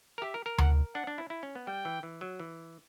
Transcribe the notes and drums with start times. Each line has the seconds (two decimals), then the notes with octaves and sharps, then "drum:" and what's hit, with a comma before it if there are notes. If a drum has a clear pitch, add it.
0.18 A#4
0.22 G4 E5
0.34 A#4
0.46 A#4
0.58 F#5, drum: tom D2
0.95 D4 F#5
1.07 D4
1.18 E4
1.30 E4
1.43 C#4
1.55 B3
1.67 G3 G5
1.85 E3
2.03 E3
2.21 F#3
2.40 E3